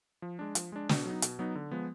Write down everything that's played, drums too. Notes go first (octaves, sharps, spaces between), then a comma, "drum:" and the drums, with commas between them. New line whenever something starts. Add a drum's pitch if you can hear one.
F3
G#3 D4
F3, drum: hi-hat
G#3 D4
B2, drum: snare
F#3 B3 D#4
B2, drum: hi-hat
F#3 B3 D#4
D3
F3 G#3 B3